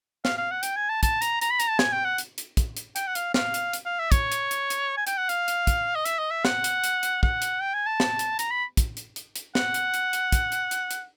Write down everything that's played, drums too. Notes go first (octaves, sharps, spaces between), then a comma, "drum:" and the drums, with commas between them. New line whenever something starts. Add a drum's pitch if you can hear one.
F5, drum: snare
F5
F#5
G5, drum: hi-hat
G#5
A5
A5, drum: kick, hi-hat
A#5, drum: hi-hat
A#5, drum: hi-hat
B5
A#5, drum: hi-hat
A5
G#5, drum: snare
G5
F#5
drum: hi-hat
drum: hi-hat
drum: kick, hi-hat
drum: hi-hat
G5, drum: hi-hat
F#5
F5, drum: hi-hat
F5, drum: snare
drum: hi-hat
drum: hi-hat
F5
E5
C#5, drum: kick, hi-hat
drum: hi-hat
drum: hi-hat
drum: hi-hat
G#5
G5, drum: hi-hat
F#5
F5, drum: hi-hat
drum: hi-hat
drum: kick, hi-hat
D#5
E5, drum: hi-hat
D#5
E5
F#5, drum: snare
drum: hi-hat
drum: hi-hat
drum: hi-hat
F#5, drum: kick
drum: hi-hat
G5
G#5
A5
drum: snare
drum: hi-hat
A#5, drum: hi-hat
B5
drum: kick, hi-hat
drum: hi-hat
drum: hi-hat
drum: hi-hat
F#5, drum: snare
drum: hi-hat
drum: hi-hat
drum: hi-hat
drum: kick, hi-hat
drum: hi-hat
drum: hi-hat
drum: hi-hat